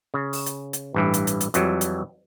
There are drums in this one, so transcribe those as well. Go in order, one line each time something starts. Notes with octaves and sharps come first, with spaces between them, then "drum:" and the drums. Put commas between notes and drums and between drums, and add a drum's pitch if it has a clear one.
C#3
drum: open hi-hat
drum: hi-hat
drum: hi-hat
A1 G2 E3
drum: hi-hat
drum: hi-hat
drum: hi-hat
F2 E3 F#3 G3, drum: hi-hat
drum: hi-hat